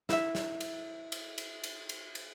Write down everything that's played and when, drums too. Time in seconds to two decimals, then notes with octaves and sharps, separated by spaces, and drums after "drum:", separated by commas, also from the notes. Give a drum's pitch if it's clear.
0.09 E4 E5, drum: snare
0.35 drum: snare
0.61 drum: cymbal
1.12 drum: cymbal
1.38 drum: cymbal
1.64 drum: cymbal
1.89 drum: cymbal
2.15 drum: cymbal